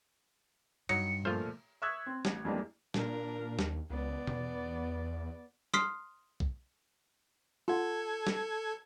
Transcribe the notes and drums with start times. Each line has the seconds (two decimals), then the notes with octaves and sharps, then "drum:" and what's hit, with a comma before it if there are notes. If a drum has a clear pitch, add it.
0.89 G2 F#3 D#4 C#7, drum: cymbal
1.25 A#2 F3 A3 F4 C5 F6
1.82 E5 C#6 D#6 E6 F#6 G#6
2.06 C4
2.25 A1, drum: snare
2.45 F2 E3 G3 G#3 A#3 D4
2.94 A#2 D4 A#4, drum: snare
3.59 D#2, drum: snare
3.90 C#2 B3 D5
4.27 E2, drum: tom B2
5.74 C6 D#6 F6 B6 C7, drum: snare
6.40 drum: kick
7.68 F4 A4 F#5 G#6
8.27 drum: snare